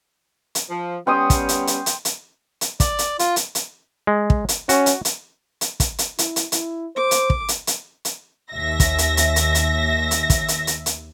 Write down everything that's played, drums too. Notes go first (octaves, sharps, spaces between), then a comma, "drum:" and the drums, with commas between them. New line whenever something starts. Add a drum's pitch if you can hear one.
drum: hi-hat
F3
G3 B3 C#4 G5 C6 D#6
drum: kick, hi-hat
drum: hi-hat
drum: hi-hat
drum: hi-hat
drum: hi-hat
drum: hi-hat
D5, drum: kick, hi-hat
drum: hi-hat
F4, drum: hi-hat
drum: hi-hat
drum: hi-hat
G#3
drum: kick
drum: hi-hat
C#4 F#4, drum: hi-hat
drum: hi-hat
drum: hi-hat
drum: hi-hat
drum: kick, hi-hat
drum: hi-hat
E4, drum: hi-hat
drum: hi-hat
E4, drum: hi-hat
C5 D6
drum: hi-hat
drum: kick
drum: hi-hat
drum: hi-hat
drum: hi-hat
D#2 E5 A#6
drum: kick, hi-hat
drum: hi-hat
drum: hi-hat
drum: hi-hat
drum: hi-hat
drum: hi-hat
drum: kick, hi-hat
drum: hi-hat
drum: hi-hat
drum: hi-hat